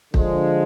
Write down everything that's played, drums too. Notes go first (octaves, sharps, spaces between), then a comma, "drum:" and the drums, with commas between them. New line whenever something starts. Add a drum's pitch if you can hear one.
D3 F3 G#3, drum: kick